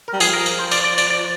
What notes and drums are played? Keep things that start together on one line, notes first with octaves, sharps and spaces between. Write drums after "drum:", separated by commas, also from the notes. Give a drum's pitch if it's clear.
A#4
G3
F3 G#4, drum: tambourine
A#4
drum: tambourine
C5
D5, drum: tambourine
D5
D5, drum: tambourine
D5